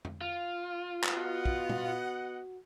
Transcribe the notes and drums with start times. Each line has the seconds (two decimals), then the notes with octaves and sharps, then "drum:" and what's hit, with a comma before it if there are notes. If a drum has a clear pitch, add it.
0.05 drum: tom F2
0.21 F4
1.04 drum: clap
1.14 B3 F#4 D#5 F#5
1.46 drum: kick
1.69 drum: tom